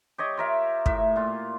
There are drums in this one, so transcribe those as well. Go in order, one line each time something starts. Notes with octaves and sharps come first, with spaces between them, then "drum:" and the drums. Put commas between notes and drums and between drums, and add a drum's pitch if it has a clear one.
G4 C#5 D#5
F4 A#4 E5
A2 E5, drum: kick
A#2 F4